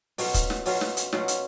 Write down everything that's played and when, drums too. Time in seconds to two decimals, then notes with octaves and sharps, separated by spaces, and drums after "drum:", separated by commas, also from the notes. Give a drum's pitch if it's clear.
0.18 B2 F#3 C#4 F4, drum: open hi-hat
0.34 drum: kick, hi-hat
0.50 drum: snare
0.66 B2 F#3 C#4 F4, drum: open hi-hat
0.81 drum: snare
0.97 drum: hi-hat
1.13 B2 F#3 C#4 F4, drum: snare
1.28 drum: hi-hat